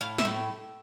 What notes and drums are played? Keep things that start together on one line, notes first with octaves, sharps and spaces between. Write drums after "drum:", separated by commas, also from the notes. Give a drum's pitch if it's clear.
A2 F5
E5, drum: snare
A2